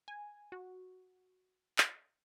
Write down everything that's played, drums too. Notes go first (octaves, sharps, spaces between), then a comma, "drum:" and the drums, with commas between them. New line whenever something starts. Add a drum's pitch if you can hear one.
G#5
F#4
drum: clap